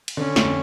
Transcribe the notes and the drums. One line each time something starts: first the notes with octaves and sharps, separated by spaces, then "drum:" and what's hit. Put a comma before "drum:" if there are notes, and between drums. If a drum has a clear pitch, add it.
drum: cymbal
D3 C#4
F2, drum: snare